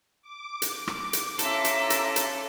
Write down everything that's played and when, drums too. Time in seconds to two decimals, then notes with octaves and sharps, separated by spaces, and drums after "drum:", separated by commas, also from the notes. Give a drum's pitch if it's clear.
0.22 D6
0.62 drum: hi-hat
0.87 drum: rim click
1.13 drum: hi-hat
1.39 C#4 E4 F4 A4 A#5, drum: hi-hat
1.65 drum: hi-hat
1.90 drum: hi-hat
2.16 drum: hi-hat